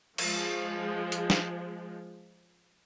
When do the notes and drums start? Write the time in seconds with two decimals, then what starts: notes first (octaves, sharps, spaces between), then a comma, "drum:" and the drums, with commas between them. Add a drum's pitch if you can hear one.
0.18 F3 G#3, drum: cymbal
1.12 drum: hi-hat
1.30 drum: snare